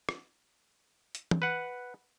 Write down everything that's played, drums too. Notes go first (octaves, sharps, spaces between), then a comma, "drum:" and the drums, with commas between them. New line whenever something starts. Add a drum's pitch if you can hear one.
drum: rim click
drum: hi-hat
drum: tom
B4 F#5